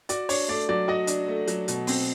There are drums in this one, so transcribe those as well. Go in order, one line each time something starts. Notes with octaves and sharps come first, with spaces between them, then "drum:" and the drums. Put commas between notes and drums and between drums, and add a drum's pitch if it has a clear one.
F#4 D5, drum: hi-hat
D4 C#5, drum: open hi-hat
A3 D5
F#3 D5
F#4 D#5
D4, drum: hi-hat
A3
F#3, drum: hi-hat
B2, drum: hi-hat
C4, drum: open hi-hat